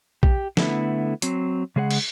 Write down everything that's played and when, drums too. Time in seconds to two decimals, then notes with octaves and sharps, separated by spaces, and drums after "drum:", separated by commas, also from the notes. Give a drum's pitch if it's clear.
0.23 G4, drum: kick A#1
0.57 D3 A3 B3 E4, drum: snare
1.22 F#3 C4, drum: hi-hat
1.76 C#3 G#3 G#4 C5 F#5
1.91 drum: cymbal